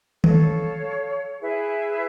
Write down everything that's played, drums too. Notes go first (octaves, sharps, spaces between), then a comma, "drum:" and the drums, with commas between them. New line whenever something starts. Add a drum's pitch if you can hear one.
A4 C#5 F5, drum: tom D#3
E4 G#4 B4 E5